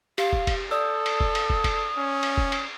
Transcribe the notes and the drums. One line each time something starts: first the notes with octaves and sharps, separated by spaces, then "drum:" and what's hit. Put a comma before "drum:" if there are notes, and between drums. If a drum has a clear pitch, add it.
G4 F5, drum: cymbal
drum: kick
drum: kick, cymbal
A4 D5 D#6 E6
drum: cymbal
drum: kick
drum: cymbal
drum: kick
drum: kick, cymbal
C#4
drum: cymbal
drum: kick
drum: cymbal